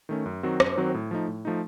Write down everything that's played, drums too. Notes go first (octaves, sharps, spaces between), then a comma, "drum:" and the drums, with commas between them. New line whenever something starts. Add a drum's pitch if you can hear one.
D#3 A3 C#4
F#2
D#3 F#3 C4 F#4
F#2, drum: rim click
D#3 F#3 C4 F#4
A2
F3 A3 D#4
A2
F3 A3 D#4